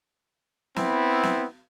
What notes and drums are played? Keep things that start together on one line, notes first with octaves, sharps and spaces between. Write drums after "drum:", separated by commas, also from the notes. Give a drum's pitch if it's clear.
B3 C4 E4, drum: snare
drum: snare